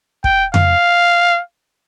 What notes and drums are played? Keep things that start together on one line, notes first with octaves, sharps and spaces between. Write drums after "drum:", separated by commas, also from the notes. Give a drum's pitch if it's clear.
G5, drum: kick
F5, drum: tom F2